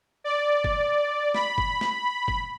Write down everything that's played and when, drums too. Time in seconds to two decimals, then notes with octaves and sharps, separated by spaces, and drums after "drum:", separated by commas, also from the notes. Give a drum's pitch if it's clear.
0.24 D5
0.64 drum: kick F#1
1.34 B5, drum: snare
1.58 drum: kick F#1
1.81 drum: snare
2.28 drum: kick F#1